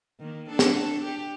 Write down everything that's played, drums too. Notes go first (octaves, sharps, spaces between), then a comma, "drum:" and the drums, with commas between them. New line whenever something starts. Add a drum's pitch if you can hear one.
D#3 A#3
D4 A4
drum: snare
G4